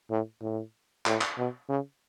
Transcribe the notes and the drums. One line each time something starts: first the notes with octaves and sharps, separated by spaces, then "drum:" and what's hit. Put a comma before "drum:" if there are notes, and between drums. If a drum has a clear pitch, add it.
A2
A2
A2, drum: clap
drum: clap
B2
C#3